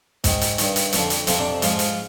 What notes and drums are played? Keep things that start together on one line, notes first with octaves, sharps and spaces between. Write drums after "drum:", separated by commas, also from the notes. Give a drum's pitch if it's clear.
G#2 D#3, drum: kick, hi-hat
drum: hi-hat
G2 D#3, drum: hi-hat
drum: hi-hat
F2 D3 F3, drum: hi-hat
drum: hi-hat
F2 C3 F3 C4, drum: hi-hat
D4
G#2 F3 F4, drum: hi-hat
drum: hi-hat